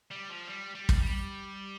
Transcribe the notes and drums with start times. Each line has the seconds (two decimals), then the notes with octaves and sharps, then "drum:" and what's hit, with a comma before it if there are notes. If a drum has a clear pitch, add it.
0.11 G3
0.29 F3
0.47 G3
0.75 G3
0.89 drum: kick
1.02 G3